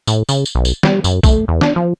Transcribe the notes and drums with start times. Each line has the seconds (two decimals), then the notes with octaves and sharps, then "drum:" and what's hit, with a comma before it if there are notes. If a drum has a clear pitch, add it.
0.07 A2, drum: tambourine
0.29 C#3, drum: tambourine
0.45 drum: tambourine
0.55 B1
0.65 drum: tambourine
0.83 G3, drum: snare
1.04 F#2, drum: tambourine
1.23 A3, drum: kick, tambourine
1.48 E2
1.61 D4, drum: snare
1.76 F3